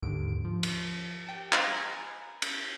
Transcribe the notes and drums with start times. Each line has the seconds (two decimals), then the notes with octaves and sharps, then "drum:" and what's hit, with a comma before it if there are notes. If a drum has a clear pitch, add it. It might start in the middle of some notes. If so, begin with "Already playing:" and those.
0.02 D#2 G#2 D3 D7
0.44 F3
0.63 drum: cymbal
1.26 G4 G5 A5
1.53 D#5, drum: clap
1.76 G#5 A#5 B5 G#6
2.42 drum: cymbal